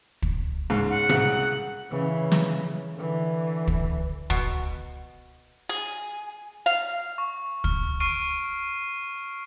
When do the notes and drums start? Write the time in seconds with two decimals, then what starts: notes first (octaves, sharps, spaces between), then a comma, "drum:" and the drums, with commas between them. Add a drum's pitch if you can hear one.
0.22 drum: kick
0.70 G#2 C#3
0.89 F#5
1.09 C2 C#3, drum: rim click
1.90 C#3 E3
2.32 drum: snare
2.95 D3 E3
3.67 drum: kick
4.30 B2, drum: kick
5.69 G#4
6.66 F5
7.18 C#6
7.64 F6, drum: kick
8.00 C#6 F6 C7 D7 D#7